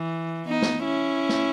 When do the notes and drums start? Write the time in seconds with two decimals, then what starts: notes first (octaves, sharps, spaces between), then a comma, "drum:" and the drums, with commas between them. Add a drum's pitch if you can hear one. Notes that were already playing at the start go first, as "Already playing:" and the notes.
Already playing: E3
0.48 B3 D#4
0.62 drum: snare
0.84 C#4 E4
1.29 drum: snare